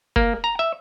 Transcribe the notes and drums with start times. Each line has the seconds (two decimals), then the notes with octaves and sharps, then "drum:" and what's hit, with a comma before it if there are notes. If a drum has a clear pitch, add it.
0.16 A#3, drum: kick
0.44 A#5
0.59 E5